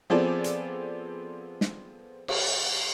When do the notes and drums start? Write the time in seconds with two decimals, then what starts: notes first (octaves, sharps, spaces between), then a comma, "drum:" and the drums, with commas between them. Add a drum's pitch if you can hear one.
0.10 F3 B3 C4 G#4 A4 D5
0.44 drum: hi-hat
1.61 drum: snare
2.28 drum: cymbal